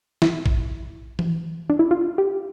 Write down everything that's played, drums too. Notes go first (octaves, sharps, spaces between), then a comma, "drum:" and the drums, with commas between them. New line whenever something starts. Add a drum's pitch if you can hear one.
E4, drum: snare
drum: kick
drum: tom E3
D4
E4
F4
G4